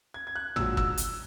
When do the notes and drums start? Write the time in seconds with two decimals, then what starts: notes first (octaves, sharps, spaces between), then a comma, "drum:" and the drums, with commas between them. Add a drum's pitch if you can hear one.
0.14 G#6
0.27 G#6
0.36 F#6
0.56 A#1 G#2 F#3 E6, drum: tom
0.77 E6, drum: kick
0.97 drum: hi-hat